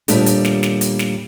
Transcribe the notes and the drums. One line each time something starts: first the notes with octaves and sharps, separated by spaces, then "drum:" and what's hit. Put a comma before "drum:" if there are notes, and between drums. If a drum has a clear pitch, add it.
D#2 A#2 G3 A3 B3 D4, drum: hi-hat
drum: hi-hat
drum: snare
drum: snare
drum: hi-hat
drum: snare